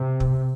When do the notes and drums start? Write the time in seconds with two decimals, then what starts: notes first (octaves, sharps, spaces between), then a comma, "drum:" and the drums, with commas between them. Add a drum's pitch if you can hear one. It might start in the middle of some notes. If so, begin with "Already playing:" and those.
Already playing: C3
0.20 drum: kick